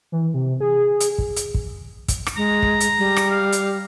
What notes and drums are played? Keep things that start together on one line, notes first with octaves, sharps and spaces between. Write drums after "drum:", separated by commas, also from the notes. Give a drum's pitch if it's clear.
E3
C3
G#4
drum: hi-hat
drum: kick
drum: hi-hat
drum: kick
drum: kick, hi-hat
drum: rim click
G#3 A#5
drum: kick
drum: hi-hat
G3
drum: rim click
F5
drum: hi-hat